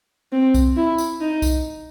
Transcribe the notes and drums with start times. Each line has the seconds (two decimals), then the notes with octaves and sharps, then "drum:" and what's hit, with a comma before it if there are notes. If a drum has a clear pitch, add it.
0.32 C4
0.54 drum: kick B1, tambourine
0.76 E4
0.98 drum: tambourine
1.21 D#4
1.42 drum: kick B1, tambourine